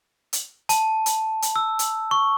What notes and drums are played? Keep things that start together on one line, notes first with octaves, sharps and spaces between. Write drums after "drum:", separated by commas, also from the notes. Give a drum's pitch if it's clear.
drum: hi-hat
A5, drum: hi-hat
drum: hi-hat
drum: hi-hat
E6
drum: hi-hat
C#6